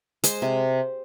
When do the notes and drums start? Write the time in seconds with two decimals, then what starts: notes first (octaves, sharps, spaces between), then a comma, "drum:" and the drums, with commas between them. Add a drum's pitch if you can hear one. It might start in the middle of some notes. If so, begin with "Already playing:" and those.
0.24 G#3 C5, drum: hi-hat
0.42 C3